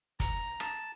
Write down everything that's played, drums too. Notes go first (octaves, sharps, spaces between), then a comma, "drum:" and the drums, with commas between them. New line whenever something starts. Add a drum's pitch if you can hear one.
A#5, drum: kick, hi-hat
A5, drum: rim click